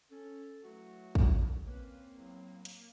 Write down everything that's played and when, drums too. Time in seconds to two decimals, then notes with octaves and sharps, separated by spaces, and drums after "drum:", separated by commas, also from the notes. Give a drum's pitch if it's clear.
0.11 C#4 A4
0.64 E3 F#3 A3 F#4
1.15 drum: kick
1.67 A#3 C4 C#4 A#4 B4
2.17 E2 A2 F#3
2.65 drum: hi-hat